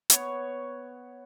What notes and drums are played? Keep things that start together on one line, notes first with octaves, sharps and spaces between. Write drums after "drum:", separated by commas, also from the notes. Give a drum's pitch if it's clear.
B3 C#5, drum: hi-hat